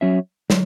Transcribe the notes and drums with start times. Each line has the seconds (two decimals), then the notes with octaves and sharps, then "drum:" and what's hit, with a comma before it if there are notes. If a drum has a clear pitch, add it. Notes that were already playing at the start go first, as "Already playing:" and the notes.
0.01 F#3 C#4 F#4 C#5 E5
0.50 F#3, drum: snare